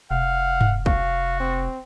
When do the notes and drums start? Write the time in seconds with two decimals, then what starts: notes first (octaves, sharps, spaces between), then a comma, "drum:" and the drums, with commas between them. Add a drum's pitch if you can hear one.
0.11 F1 F5 F#5
0.61 drum: tom G2
0.86 F#4 F5, drum: kick
1.40 C4